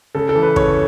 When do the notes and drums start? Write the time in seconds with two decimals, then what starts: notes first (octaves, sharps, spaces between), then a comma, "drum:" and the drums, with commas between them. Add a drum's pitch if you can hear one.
0.15 C#3 A4
0.29 A4
0.35 E3
0.43 B4
0.56 C#3 C#5, drum: kick